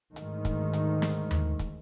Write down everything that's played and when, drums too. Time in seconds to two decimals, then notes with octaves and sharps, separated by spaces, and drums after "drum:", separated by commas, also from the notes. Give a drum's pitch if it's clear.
0.16 D2 G#2 D#3, drum: hi-hat
0.45 drum: kick, hi-hat
0.73 drum: hi-hat
1.02 drum: snare
1.31 drum: tom D#2
1.59 drum: kick, hi-hat